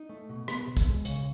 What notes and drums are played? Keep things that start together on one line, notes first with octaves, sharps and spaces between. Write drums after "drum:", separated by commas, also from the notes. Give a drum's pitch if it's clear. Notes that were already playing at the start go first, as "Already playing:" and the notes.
Already playing: D#4
A3
B2
B3, drum: rim click
B2
drum: kick, hi-hat
G#3
C#3 C#5, drum: hi-hat